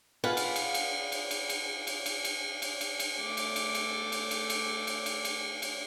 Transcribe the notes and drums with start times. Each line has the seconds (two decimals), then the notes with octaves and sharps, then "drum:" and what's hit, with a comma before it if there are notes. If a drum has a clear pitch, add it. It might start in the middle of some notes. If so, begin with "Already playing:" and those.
0.24 F4 G#4 B4 F5 F#5
0.37 drum: cymbal
0.56 drum: cymbal
0.74 drum: cymbal
1.12 drum: cymbal
1.31 drum: cymbal
1.49 drum: cymbal
1.87 drum: cymbal
2.06 drum: cymbal
2.25 drum: cymbal
2.62 drum: cymbal
2.81 drum: cymbal
3.00 drum: cymbal
3.18 A3 D6
3.37 drum: cymbal
3.56 drum: cymbal
3.75 drum: cymbal
4.12 drum: cymbal
4.31 drum: cymbal
4.50 drum: cymbal
4.87 drum: cymbal
5.06 drum: cymbal
5.25 drum: cymbal
5.62 drum: cymbal